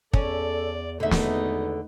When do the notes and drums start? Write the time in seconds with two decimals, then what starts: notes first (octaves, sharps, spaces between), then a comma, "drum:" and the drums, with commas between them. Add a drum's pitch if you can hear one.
0.14 E2 C#4 A4 D5, drum: kick
1.00 G#1 E2 B2 D3 A3 B3 D#4 E5
1.11 drum: snare